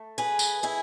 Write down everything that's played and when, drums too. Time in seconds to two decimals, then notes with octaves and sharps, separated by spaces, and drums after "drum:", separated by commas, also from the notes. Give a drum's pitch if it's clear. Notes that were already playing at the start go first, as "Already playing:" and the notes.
Already playing: A3
0.18 G#4 B4
0.39 drum: tambourine
0.63 E4 G#4